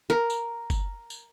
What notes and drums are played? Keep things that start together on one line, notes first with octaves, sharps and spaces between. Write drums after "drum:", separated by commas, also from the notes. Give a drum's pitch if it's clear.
A#4
drum: tambourine
drum: kick, tambourine
drum: tambourine